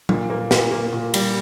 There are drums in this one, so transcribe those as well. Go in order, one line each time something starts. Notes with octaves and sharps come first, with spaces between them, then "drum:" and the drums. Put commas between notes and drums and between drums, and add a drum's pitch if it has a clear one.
A#2, drum: tom F#3
A#3
A#2, drum: snare
A#3
A#2
G3, drum: cymbal